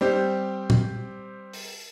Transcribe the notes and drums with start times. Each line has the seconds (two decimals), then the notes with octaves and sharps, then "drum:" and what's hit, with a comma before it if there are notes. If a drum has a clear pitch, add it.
0.01 G3 C4 G4
0.70 drum: tom A#2
1.53 drum: open hi-hat